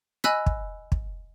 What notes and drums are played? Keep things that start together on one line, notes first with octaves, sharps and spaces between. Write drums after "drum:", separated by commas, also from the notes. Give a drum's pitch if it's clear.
D#5 G#5 B5 E6 F#6 B6, drum: rim click
drum: kick
drum: kick